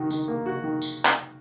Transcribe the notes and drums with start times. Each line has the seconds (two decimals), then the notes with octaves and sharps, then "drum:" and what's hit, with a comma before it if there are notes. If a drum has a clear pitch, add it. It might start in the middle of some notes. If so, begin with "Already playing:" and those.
Already playing: D#3 F#4
0.10 D#3, drum: tambourine
0.28 A#3
0.46 F#4
0.64 D#3
0.82 drum: tambourine
1.05 drum: clap